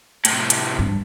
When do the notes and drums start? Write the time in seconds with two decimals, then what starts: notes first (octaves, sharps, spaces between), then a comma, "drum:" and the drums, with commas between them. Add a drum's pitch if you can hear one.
0.25 A2 C3, drum: hi-hat
0.50 drum: hi-hat
0.79 G2